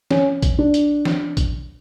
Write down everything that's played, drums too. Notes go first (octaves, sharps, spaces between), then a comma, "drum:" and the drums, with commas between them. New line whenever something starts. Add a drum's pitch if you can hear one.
C#4, drum: snare
drum: kick A1, hi-hat
D4
drum: hi-hat
drum: snare
drum: kick A1, hi-hat